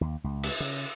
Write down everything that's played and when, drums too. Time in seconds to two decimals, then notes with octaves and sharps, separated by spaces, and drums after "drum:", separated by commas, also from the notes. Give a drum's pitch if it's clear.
0.01 D#2
0.24 C#2
0.43 drum: cymbal
0.60 C#3